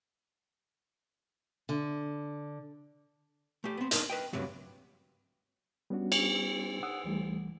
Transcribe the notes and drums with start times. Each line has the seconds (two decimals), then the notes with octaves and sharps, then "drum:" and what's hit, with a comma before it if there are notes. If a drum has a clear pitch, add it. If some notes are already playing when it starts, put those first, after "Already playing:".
1.69 D3
3.64 A3 G4
3.77 B3 C4
3.91 D4 D#4 A#4 C5 D#5, drum: hi-hat
4.10 B4 D#5 G5
4.33 C#2 G2 C3 F#3 A3
5.90 G3 B3 C#4 D4 F#4
6.12 drum: cymbal
6.83 F#5 D#6 E6
7.04 D2 E3 G3 A3